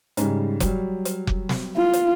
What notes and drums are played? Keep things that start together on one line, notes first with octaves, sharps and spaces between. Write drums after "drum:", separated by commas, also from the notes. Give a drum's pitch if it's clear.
G#2 C#3 G3, drum: hi-hat
F#3 G3, drum: kick F1, hi-hat
drum: hi-hat
drum: kick F1
drum: snare
F4
drum: hi-hat